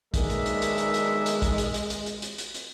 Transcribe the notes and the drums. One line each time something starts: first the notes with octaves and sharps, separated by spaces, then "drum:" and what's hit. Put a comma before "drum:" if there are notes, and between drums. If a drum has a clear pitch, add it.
B1 D#3 G#3 A#3 D4 A#4 E5, drum: kick, hi-hat
drum: hi-hat
drum: hi-hat
drum: hi-hat
drum: hi-hat
drum: hi-hat
drum: hi-hat
drum: kick, hi-hat
drum: hi-hat
drum: hi-hat
drum: hi-hat
drum: hi-hat
drum: hi-hat
drum: hi-hat
drum: hi-hat